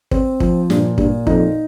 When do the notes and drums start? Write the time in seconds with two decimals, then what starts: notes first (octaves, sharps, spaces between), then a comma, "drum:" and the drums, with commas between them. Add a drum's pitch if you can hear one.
0.11 C4, drum: kick
0.40 F3, drum: kick
0.70 G2 A#2, drum: snare
0.98 G2 A#2, drum: kick
1.27 F2 D#4, drum: kick